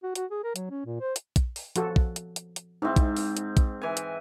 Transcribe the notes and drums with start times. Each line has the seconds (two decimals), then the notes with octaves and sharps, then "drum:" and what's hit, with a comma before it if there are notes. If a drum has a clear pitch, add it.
0.03 F#4
0.15 F#4, drum: hi-hat
0.31 G#4
0.43 A#4
0.56 F#3, drum: hi-hat
0.70 C#4
0.86 A#2
1.00 C5
1.16 drum: hi-hat
1.36 drum: kick, hi-hat
1.56 drum: open hi-hat
1.76 F3 F#4 A4, drum: hi-hat
1.96 drum: kick
2.16 drum: hi-hat
2.36 drum: hi-hat
2.56 drum: hi-hat
2.82 G#2 C4 D#4 E4
2.96 drum: kick, hi-hat
3.17 drum: open hi-hat
3.37 drum: hi-hat
3.57 drum: kick, hi-hat
3.82 E3 G#5
3.97 drum: hi-hat